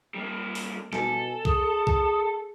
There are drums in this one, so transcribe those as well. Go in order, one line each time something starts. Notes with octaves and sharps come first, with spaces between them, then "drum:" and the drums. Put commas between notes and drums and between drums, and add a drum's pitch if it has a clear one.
G3 A#3
drum: open hi-hat
B2 A4 G#5, drum: snare
G#4 D#6, drum: kick B1
drum: kick B1